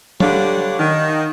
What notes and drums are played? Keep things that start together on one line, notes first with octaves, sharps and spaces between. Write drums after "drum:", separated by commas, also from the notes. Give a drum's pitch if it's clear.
D3 G3 D4 C#5 F5 F#5, drum: tom F#3
D#3